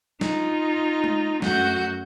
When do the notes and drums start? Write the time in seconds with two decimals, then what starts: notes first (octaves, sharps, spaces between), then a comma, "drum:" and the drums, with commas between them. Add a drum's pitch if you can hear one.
0.21 D#4 F4, drum: snare
1.04 drum: tom G#3
1.42 F#2 F#3 A3 F#4 F#5 G6, drum: snare